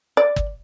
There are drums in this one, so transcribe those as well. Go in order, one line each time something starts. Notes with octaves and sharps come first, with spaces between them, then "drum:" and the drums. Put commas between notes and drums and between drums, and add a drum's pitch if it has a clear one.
D5
drum: kick